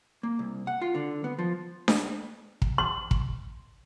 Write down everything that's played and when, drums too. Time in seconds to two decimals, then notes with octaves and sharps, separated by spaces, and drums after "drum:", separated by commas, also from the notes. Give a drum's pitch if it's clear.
0.23 A#3
0.39 C2
0.67 F#5
0.82 F4
0.95 D3
1.24 B3
1.39 F3
1.88 drum: snare D4
2.62 drum: kick
2.78 C6
3.11 drum: kick